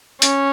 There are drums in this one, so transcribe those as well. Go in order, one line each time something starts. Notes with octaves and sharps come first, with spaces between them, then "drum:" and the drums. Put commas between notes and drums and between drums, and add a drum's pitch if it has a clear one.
C#4, drum: hi-hat